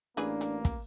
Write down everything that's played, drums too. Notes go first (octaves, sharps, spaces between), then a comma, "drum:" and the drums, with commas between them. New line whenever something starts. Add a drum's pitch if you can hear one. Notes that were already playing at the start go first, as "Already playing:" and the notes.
A1 E3 A#3 D4 G#4 B4, drum: hi-hat
drum: hi-hat
drum: kick, hi-hat